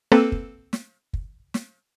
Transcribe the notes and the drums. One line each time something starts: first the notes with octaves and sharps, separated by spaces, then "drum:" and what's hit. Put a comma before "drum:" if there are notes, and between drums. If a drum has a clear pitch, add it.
A#3 C4 A4 B4
drum: kick
drum: snare
drum: kick
drum: snare